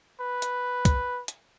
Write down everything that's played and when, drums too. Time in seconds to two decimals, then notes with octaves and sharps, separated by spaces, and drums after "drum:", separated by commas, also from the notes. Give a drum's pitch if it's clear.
0.21 B4
0.42 drum: hi-hat
0.85 drum: kick, hi-hat
1.28 drum: hi-hat